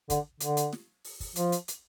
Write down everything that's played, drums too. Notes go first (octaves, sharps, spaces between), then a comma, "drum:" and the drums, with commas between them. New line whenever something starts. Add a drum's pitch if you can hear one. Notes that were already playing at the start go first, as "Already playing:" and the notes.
D3, drum: kick, hi-hat
D3, drum: hi-hat
drum: hi-hat
drum: snare
drum: open hi-hat
drum: kick, open hi-hat
F3, drum: hi-hat
drum: hi-hat
drum: hi-hat